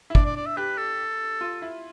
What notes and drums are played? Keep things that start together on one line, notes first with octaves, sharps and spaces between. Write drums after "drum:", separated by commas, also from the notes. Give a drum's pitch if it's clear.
E4
D4 D5, drum: kick
D5
D5
E5
G4 B4
A4
F4
E4